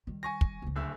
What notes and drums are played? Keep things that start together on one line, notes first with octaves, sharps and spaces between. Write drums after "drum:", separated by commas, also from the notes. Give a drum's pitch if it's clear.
D#3 G3
G#5 C#6 A#6
drum: kick
C#2 C#4
D1 D2 E6